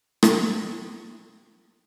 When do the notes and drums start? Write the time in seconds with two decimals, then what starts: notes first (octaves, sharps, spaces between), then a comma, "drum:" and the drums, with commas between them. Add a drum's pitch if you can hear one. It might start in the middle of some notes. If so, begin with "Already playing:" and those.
0.23 drum: rim click
0.51 C3 G#3 C4
1.16 E3 G#3 A#4 B4 D#5
1.56 F4 F#5